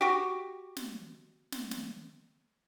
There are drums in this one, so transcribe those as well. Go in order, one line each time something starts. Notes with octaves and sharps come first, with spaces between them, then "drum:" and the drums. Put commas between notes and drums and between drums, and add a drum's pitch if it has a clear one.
F#4 G4
drum: snare
drum: snare
drum: snare